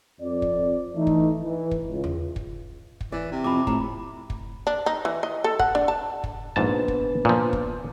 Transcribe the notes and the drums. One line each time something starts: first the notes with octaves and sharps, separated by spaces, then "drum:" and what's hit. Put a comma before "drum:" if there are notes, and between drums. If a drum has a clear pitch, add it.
F2 D5
drum: kick
E3 A3 D#4
drum: kick
E3
drum: kick
C#2
drum: tom E2
drum: kick
drum: kick
E3 D5
C3
F2 C4 B5 D6
A2 C3 A#5, drum: kick
drum: kick
D4
D#4
E3
D#5
A4
F#5, drum: kick
D4
A5
drum: kick
A#1 G#2 B3 D4 B4 A5
drum: kick
A#2 F3
drum: kick